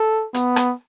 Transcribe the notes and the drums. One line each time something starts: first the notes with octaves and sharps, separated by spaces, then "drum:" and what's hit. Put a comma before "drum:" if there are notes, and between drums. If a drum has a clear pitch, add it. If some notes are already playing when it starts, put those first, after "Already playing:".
Already playing: A4
B3, drum: hi-hat
drum: rim click